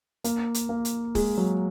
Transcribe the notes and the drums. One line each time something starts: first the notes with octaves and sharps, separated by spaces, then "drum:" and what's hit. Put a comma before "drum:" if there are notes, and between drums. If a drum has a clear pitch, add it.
A#3, drum: hi-hat
drum: hi-hat
A#3
drum: hi-hat
G#3, drum: kick, open hi-hat
F#3